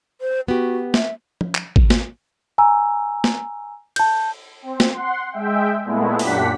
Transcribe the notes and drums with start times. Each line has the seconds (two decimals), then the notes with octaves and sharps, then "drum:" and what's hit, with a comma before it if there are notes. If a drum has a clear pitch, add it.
0.21 C5
0.48 B3 F#4 G4
0.94 E5, drum: snare
1.41 drum: tom F3
1.55 drum: clap
1.76 drum: kick
1.90 drum: snare
2.58 G#5 A#5 E6
3.24 drum: snare
3.96 A5 G6, drum: cymbal
4.62 C4
4.80 drum: snare
4.91 F#5 C6
5.32 G#3 E5 G5
5.85 A#2 G#3 A3 B3 E4
6.19 F#2 A#2 D4 G4 F#5 B6, drum: open hi-hat